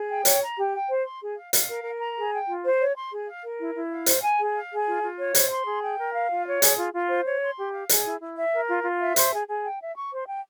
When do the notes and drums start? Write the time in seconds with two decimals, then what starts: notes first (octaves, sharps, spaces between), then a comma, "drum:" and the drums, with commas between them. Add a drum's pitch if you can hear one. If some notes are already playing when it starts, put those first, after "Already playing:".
Already playing: G#4
0.09 G5
0.25 C#5, drum: hi-hat
0.40 A#5
0.57 G4
0.73 G5
0.89 C5
1.05 C6
1.20 G#4
1.36 F5
1.53 F5, drum: hi-hat
1.69 A#4
1.84 A#4
1.99 A#5
2.16 G#4
2.32 G5
2.48 F4
2.64 C5
2.79 C#5
2.96 C6
3.12 G#4
3.27 F5
3.43 A#4
3.59 E4
3.75 E4
3.91 F5
4.06 C5, drum: hi-hat
4.23 G#5
4.39 G#4
4.55 F5
4.71 G#4
4.86 F4
5.02 F4
5.18 C#5
5.35 C5, drum: hi-hat
5.50 C6
5.65 G#4
5.82 G5
5.98 A#4
6.14 F5
6.30 F4
6.45 C#5
6.62 G#4, drum: hi-hat
6.77 F4
6.93 F4
7.10 C5
7.25 C#5
7.42 C6
7.57 G4
7.73 F5
7.89 G#4, drum: hi-hat
8.05 E4
8.20 E4
8.36 E5
8.53 A#4
8.69 F4
8.84 F4
9.00 E5
9.16 C5, drum: hi-hat
9.32 G#4
9.47 G#4
9.64 G5
9.80 E5
9.96 C#6
10.12 C5
10.27 G5